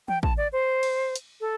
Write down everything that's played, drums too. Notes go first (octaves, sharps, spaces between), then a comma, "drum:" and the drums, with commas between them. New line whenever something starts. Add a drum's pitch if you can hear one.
G5, drum: tom E3
A5, drum: kick
D5
C5
drum: cymbal
drum: hi-hat
A4